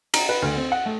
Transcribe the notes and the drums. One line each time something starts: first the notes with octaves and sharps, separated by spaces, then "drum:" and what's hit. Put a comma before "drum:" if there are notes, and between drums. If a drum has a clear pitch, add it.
A#5, drum: cymbal
B4
D2
C4
F#5
A3